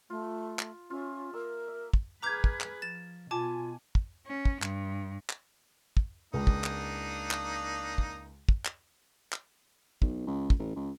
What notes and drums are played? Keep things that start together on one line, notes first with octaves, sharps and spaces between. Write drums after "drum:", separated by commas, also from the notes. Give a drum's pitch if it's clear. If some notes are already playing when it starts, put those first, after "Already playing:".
A3 F4
drum: clap
C#4 F4 E5
A#3 A#4 E6
E5
drum: kick
G#4 B4 A#5 D6 F6 G6 G#6
drum: kick
drum: clap
F3 A6 E7
B2 F4 G#5 A5 D6
drum: kick
C#4
drum: kick
G2, drum: clap
drum: clap
drum: kick
C#2 A#3 D4 D#4
drum: kick
drum: clap
drum: clap
drum: kick
drum: kick
drum: clap
drum: clap
B1, drum: kick
C#2
drum: kick
A1
C#2